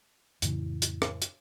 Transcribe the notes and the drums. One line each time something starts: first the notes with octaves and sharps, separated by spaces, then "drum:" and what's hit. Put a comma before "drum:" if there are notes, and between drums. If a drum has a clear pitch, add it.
F2 A2 C#3 E3, drum: hi-hat
drum: hi-hat
drum: rim click
drum: hi-hat